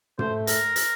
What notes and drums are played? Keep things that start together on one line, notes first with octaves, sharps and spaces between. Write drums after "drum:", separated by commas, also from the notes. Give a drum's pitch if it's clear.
A3 C5, drum: tom
A#4, drum: hi-hat
drum: hi-hat